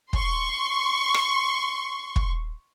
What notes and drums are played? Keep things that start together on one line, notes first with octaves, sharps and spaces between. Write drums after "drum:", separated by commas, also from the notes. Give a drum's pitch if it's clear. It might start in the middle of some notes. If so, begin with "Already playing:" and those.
C6 C#6, drum: kick
drum: rim click
drum: kick